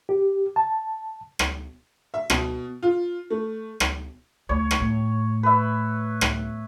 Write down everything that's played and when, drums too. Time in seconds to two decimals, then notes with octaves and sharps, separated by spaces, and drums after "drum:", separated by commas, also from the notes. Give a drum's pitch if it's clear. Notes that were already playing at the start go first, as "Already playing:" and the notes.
0.09 G4
0.56 A5
1.39 drum: rim click
2.14 E5
2.30 B2, drum: rim click
2.83 F4
3.30 A3
3.80 drum: rim click
4.49 D2 C#5
4.71 drum: rim click
4.80 A2
5.43 B4 E5
6.21 drum: rim click